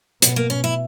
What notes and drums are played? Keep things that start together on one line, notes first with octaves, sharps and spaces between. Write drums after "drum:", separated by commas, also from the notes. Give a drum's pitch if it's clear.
B2 B3, drum: hi-hat
A#3
C#4
E4